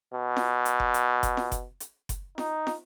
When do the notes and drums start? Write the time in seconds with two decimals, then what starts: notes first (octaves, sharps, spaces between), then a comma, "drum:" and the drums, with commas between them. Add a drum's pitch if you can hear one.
0.14 B2
0.37 drum: snare
0.65 drum: hi-hat
0.80 drum: kick F#1
0.94 drum: hi-hat
1.23 drum: kick F#1, hi-hat
1.37 drum: snare
1.52 drum: kick F#1, hi-hat
1.80 drum: hi-hat
2.09 drum: kick F#1, hi-hat
2.38 D#4, drum: snare
2.67 drum: snare